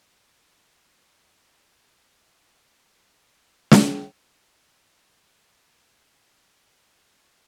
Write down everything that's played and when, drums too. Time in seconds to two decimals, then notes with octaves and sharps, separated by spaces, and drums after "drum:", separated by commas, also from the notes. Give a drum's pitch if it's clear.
0.22 A3
1.41 A2
1.76 C#6
2.27 G#2
2.55 D#3
3.05 A4
3.71 drum: snare
4.66 G#3 F#5 G5